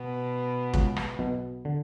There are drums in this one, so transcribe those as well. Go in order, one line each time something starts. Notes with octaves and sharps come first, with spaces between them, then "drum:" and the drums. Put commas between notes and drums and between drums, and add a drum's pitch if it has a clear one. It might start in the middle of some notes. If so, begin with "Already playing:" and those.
Already playing: B2 B3
C#2 C#3, drum: kick
drum: rim click
B1 B2
D3